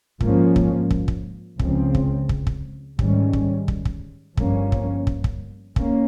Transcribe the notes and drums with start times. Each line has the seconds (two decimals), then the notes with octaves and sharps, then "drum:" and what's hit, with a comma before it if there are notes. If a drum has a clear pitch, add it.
0.21 G#2 F3 A#3 C#4, drum: kick
0.56 drum: kick
0.91 drum: kick
1.08 drum: kick
1.59 C#2 C#3 F3 C4, drum: kick
1.95 drum: kick
2.29 drum: kick
2.47 drum: kick
2.99 G#2 D#3 G3 C#4, drum: kick
3.33 drum: kick
3.68 drum: kick
3.85 drum: kick
4.37 G1 G2 F3 A#3 C#4, drum: kick
4.72 drum: kick
5.07 drum: kick
5.24 drum: kick
5.76 A#3 C#4, drum: kick